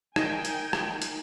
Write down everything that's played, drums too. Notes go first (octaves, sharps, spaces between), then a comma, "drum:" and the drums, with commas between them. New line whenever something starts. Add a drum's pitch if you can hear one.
D#4 A#4 G5 G#5, drum: rim click
drum: hi-hat
drum: rim click
drum: hi-hat